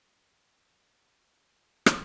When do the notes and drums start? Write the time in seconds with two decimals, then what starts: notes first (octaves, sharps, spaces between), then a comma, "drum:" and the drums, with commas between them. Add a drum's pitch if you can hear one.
0.21 C4 G#4 A#4
1.86 drum: rim click